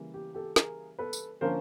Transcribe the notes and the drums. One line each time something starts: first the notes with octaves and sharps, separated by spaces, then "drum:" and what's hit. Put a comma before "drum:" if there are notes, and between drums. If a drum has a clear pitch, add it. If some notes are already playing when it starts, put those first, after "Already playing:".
Already playing: C#3 E3 G3 A#3
G4
G4 A4
G#4 A#4, drum: snare
A4 B4
drum: tambourine
D3 F3 A#3 C#4 A#4 C5